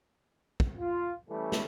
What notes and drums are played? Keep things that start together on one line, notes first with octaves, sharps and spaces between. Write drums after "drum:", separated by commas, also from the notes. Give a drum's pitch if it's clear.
drum: kick
F4
E3 G3 A3 C#4 A4
drum: snare